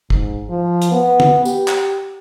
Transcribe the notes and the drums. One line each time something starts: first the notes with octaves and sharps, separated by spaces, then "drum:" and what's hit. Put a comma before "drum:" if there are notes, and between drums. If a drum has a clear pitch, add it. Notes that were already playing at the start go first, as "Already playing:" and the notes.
G#2, drum: kick
F3
drum: hi-hat
B3
drum: tom
G4, drum: tambourine
drum: clap